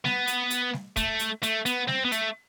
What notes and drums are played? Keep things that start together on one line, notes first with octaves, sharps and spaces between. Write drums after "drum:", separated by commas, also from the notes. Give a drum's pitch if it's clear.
B3, drum: snare G3
drum: hi-hat
drum: hi-hat
drum: snare G3
A3, drum: kick, hi-hat
drum: hi-hat
A3, drum: hi-hat
B3, drum: hi-hat
C4, drum: snare G3
B3
A3, drum: hi-hat